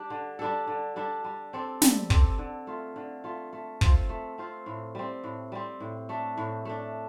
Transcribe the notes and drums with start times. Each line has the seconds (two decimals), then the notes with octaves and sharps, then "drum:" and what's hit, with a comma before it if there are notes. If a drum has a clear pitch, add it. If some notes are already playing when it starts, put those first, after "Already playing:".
Already playing: G3 D4 G4 D5
0.10 D3
0.39 G3 D4 A4
0.67 D3
0.96 G3 D4 A4
1.24 G3
1.53 C4 A4 D5
1.82 G3, drum: snare
2.10 C4 A4 D5, drum: kick
2.38 D3
2.67 A3 F4
2.96 D3
3.24 A3 F4
3.53 A3
3.81 C4 F4 C5, drum: kick
4.09 A3
4.38 C4 F4 C5
4.66 A2
4.95 G3 C4
5.24 A2
5.52 G3 C4
5.80 A2
6.09 A3 D4
6.37 A2
6.65 A3 D4